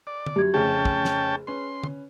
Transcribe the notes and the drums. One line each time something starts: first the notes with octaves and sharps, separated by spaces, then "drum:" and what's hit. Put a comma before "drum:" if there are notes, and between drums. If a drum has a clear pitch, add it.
D5
drum: tom
F#2 G4 G#6
F1 C#3 A3 C#4 G#4 G5 A5
drum: kick
drum: snare
C#4 B4 C6
drum: tom